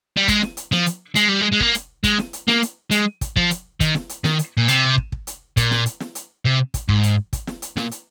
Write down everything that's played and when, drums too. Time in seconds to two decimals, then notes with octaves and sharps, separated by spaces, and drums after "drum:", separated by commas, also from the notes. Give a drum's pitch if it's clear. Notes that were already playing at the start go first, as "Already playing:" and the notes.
0.17 G3
0.28 G#3, drum: kick, hi-hat
0.42 drum: snare
0.57 drum: hi-hat
0.72 F3, drum: snare
0.86 drum: hi-hat
1.15 G#3, drum: hi-hat
1.28 G3
1.41 G#3
1.52 G#3
1.60 A#3, drum: kick
1.74 drum: hi-hat
2.04 G#3, drum: kick, hi-hat
2.18 drum: snare
2.33 drum: hi-hat
2.48 A#3, drum: snare
2.63 drum: hi-hat
2.91 G#3, drum: hi-hat
3.21 drum: kick, hi-hat
3.37 F3, drum: kick
3.51 drum: hi-hat
3.80 D#3, drum: kick, hi-hat
3.95 drum: snare
4.09 drum: hi-hat
4.24 D#3, drum: snare
4.39 drum: hi-hat
4.57 A#2
4.68 C3, drum: hi-hat
4.98 drum: kick
5.12 drum: kick
5.27 drum: hi-hat
5.57 A#2, drum: kick, hi-hat
5.71 drum: snare
5.86 drum: hi-hat
6.00 drum: snare
6.15 drum: hi-hat
6.45 C3
6.74 drum: kick, hi-hat
6.89 G#2, drum: kick
7.03 drum: hi-hat
7.33 drum: kick, hi-hat
7.47 drum: snare
7.62 drum: hi-hat
7.77 A#2, drum: snare
7.91 drum: hi-hat